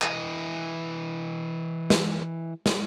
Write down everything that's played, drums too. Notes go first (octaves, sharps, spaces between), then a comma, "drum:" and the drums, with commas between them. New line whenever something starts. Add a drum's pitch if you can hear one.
E3 D#5, drum: clap
drum: snare
drum: snare